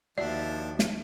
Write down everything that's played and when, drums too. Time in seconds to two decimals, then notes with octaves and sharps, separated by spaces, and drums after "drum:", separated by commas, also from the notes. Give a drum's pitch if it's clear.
0.18 D#2 D#3 F3 D4 E4 F#4 D5 E5
0.79 drum: snare